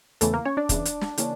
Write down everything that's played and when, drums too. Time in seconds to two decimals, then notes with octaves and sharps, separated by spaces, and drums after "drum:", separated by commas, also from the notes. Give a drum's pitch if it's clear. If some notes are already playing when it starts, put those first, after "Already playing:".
0.21 E2 C#3 E3 A3 A4, drum: hi-hat
0.34 A#3 A#4
0.45 C#4 C#5
0.57 D4 D5
0.69 E2 C#3 E3, drum: kick, hi-hat
0.85 drum: hi-hat
1.01 drum: snare
1.18 C#3 E3 A#3 C#4, drum: hi-hat